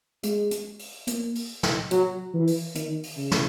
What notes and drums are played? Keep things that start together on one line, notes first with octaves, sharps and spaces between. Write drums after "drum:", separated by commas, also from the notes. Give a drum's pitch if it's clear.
G#3, drum: hi-hat
drum: hi-hat
drum: open hi-hat
A#3, drum: hi-hat
drum: open hi-hat
drum: snare
F#3, drum: hi-hat
E3
drum: open hi-hat
D#3, drum: hi-hat
drum: open hi-hat
C#3
drum: snare